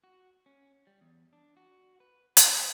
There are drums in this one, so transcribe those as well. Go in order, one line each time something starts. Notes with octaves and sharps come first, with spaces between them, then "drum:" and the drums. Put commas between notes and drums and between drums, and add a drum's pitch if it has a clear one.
F#4
C#4
G3
E2
D4
F#4
B4
G3, drum: hi-hat